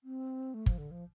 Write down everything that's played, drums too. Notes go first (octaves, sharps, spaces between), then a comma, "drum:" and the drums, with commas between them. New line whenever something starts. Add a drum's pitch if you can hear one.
C4
A3
F3, drum: kick
D3
F3